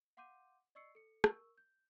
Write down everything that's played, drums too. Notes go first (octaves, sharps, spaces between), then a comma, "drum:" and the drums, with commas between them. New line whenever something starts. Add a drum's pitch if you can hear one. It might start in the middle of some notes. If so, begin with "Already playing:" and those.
F5 F#5 C6 D6 G6 D#7
D5 D#5 C#6 E6 C7 C#7
A4 C#7
A#4 C#6 E6, drum: rim click
G6